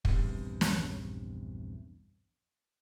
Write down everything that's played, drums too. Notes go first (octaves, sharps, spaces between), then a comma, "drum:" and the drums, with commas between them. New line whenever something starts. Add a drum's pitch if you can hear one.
A#1 E2 G2 C3, drum: kick
drum: snare